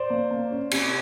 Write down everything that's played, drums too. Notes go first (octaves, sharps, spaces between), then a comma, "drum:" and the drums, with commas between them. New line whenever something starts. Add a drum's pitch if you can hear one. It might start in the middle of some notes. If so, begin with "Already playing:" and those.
Already playing: C5 D5
A#3
A#3
C#4
C3, drum: cymbal